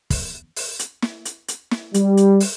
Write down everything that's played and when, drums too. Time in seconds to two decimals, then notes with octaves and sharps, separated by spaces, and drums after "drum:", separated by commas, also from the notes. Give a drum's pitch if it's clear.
0.10 drum: kick, open hi-hat
0.56 drum: open hi-hat
0.79 drum: hi-hat
1.02 drum: snare
1.25 drum: hi-hat
1.48 drum: hi-hat
1.71 drum: snare
1.94 G3, drum: hi-hat
2.17 drum: hi-hat
2.40 drum: open hi-hat